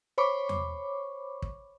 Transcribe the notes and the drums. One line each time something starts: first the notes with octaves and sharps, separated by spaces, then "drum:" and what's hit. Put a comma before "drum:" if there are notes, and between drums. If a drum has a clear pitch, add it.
C5 C#5 B5 C#6 D6
drum: tom E2
drum: kick